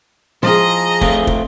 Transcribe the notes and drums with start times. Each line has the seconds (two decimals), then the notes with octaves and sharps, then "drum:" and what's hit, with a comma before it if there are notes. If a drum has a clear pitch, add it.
0.43 F3 G#4 D#5 A#5
1.01 A3 C4 F4, drum: kick
1.27 drum: kick